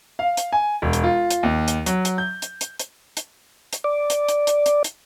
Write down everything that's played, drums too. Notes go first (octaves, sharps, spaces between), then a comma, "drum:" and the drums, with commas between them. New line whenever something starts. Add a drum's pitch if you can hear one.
F5
drum: hi-hat
G#5
E1
drum: hi-hat
F4
drum: hi-hat
D#2
drum: hi-hat
F#3, drum: hi-hat
drum: hi-hat
G6
drum: hi-hat
drum: hi-hat
drum: hi-hat
drum: hi-hat
drum: hi-hat
D5
drum: hi-hat
drum: hi-hat
drum: hi-hat
drum: hi-hat
drum: hi-hat